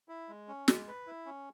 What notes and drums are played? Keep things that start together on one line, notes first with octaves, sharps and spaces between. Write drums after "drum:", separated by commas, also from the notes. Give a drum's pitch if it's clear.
E4
G#3
C#4
G#3, drum: snare
B4
E4
C#4